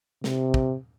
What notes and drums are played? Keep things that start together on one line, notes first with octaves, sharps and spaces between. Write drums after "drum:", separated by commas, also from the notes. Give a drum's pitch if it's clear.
C3, drum: snare
drum: kick